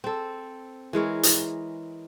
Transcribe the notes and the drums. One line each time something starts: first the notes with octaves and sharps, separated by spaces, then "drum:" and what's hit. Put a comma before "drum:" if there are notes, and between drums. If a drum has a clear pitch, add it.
C4 A4
E3 G#3 A#4 C#5
drum: hi-hat